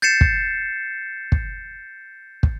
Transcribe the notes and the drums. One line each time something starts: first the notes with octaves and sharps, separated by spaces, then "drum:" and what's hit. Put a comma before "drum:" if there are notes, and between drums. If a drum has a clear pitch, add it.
G6 A6 C7 C#7 E7
drum: kick
drum: kick
drum: kick